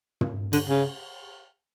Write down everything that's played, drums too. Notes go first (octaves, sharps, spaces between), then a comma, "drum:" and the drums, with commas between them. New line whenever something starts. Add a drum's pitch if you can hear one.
drum: tom
D3, drum: cymbal
C#3